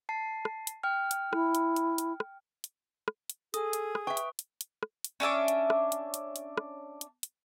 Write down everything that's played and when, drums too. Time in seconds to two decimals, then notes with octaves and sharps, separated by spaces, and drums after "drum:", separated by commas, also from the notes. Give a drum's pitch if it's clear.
0.09 A5 C7
0.45 drum: rim click
0.67 drum: hi-hat
0.83 G5 F6
1.11 drum: hi-hat
1.33 E4, drum: rim click
1.55 drum: hi-hat
1.76 drum: hi-hat
1.98 drum: hi-hat
2.20 drum: rim click
2.64 drum: hi-hat
3.08 drum: rim click
3.30 drum: hi-hat
3.54 G#4 A4 D#6, drum: hi-hat
3.73 drum: hi-hat
3.95 drum: rim click
4.07 B4 E5 G5 C#6
4.17 drum: hi-hat
4.39 drum: hi-hat
4.61 drum: hi-hat
4.83 drum: rim click
5.04 drum: hi-hat
5.20 C#4 D4 E5 D6
5.48 drum: hi-hat
5.70 drum: rim click
5.92 drum: hi-hat
6.14 drum: hi-hat
6.36 drum: hi-hat
6.58 drum: rim click
7.01 drum: hi-hat
7.23 drum: hi-hat